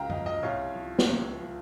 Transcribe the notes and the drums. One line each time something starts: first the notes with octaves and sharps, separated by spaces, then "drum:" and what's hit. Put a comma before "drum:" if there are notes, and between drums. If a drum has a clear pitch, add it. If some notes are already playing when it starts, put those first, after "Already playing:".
Already playing: C#2 F5 G5 A#5
F3 D#5, drum: tom F#2
D#5
C2 C#5 F5
F3
drum: snare
C#2
F3